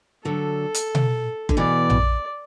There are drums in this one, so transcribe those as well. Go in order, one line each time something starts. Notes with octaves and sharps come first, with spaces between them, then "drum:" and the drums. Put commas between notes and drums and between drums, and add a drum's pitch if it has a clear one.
D3 F#3 A4
drum: hi-hat
drum: tom B2
D3, drum: kick F#1
B2 E3 D5
drum: tom A#1